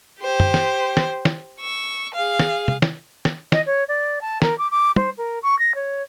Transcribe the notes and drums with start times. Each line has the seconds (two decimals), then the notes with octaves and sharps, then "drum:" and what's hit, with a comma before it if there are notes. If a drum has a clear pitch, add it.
0.21 G4 C5
0.40 drum: tom
0.54 drum: snare
0.97 drum: snare
1.25 drum: snare
1.60 C#6 E6
2.15 G#4 F5
2.39 drum: snare
2.68 drum: tom
2.82 drum: snare
3.25 drum: snare
3.52 D#5, drum: snare
3.66 C#5
3.88 D5
4.21 A5
4.42 A#4, drum: snare
4.58 D6
4.71 D6
4.96 C5, drum: tom
5.18 A#4
5.43 C#6
5.59 A#6
5.75 C#5